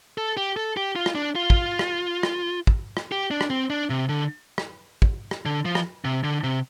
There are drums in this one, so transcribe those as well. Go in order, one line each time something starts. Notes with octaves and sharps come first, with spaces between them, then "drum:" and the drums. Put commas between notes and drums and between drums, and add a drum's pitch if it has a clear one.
A4
G4
A4
G4
F4
drum: rim click
D4
F4
drum: kick
drum: rim click
drum: rim click
drum: kick
drum: rim click
G4
D4
drum: rim click
C4
D4
C3
D3
drum: rim click
drum: kick
drum: rim click
D3
F3
drum: rim click
C3
D3
C3